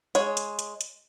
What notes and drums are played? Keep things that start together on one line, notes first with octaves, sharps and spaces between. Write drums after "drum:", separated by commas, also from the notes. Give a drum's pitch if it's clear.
G#3 C#5, drum: hi-hat
drum: hi-hat
drum: hi-hat
drum: hi-hat